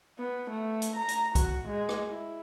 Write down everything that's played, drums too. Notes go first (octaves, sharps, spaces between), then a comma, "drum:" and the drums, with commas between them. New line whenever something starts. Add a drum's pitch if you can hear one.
B3
A3
drum: hi-hat
A#5
drum: hi-hat
F#4, drum: kick B1, hi-hat
G#3
drum: rim click
E4